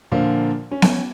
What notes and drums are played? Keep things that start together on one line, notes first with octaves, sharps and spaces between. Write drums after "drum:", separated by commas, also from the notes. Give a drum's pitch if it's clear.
A#2 D3 F3 A#3
C#4
drum: snare B3